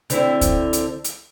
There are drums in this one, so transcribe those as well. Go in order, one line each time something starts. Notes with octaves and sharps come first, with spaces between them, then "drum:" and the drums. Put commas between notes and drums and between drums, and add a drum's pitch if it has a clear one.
D3 C4 E4, drum: hi-hat
drum: kick C#2, hi-hat
drum: hi-hat
drum: hi-hat